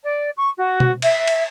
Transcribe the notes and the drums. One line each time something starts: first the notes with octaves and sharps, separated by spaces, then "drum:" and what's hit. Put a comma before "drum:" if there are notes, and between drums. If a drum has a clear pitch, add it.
D5
C#6
F#4
drum: tom B2
E5, drum: cymbal
drum: cymbal